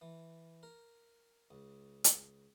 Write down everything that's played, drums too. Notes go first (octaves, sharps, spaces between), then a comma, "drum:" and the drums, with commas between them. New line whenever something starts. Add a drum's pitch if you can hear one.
E3
A#4
C#2
drum: hi-hat